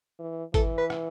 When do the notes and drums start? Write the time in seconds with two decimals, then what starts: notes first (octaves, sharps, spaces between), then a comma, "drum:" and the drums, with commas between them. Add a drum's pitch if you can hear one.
0.19 E3
0.54 E3 A4, drum: kick G#1, hi-hat
0.78 B4
0.90 drum: rim click